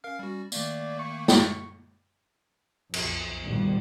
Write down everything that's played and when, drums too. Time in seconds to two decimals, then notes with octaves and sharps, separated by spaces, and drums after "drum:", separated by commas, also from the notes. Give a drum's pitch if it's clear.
0.04 C#4 A#4 F5 F6
0.19 G3 F#4
0.52 D#3 A3 A#3 D5, drum: tambourine
0.99 C#6
1.28 C#6, drum: snare
2.94 B1 F2, drum: cymbal
3.44 G#1 D2 B2 D#3 F3 G3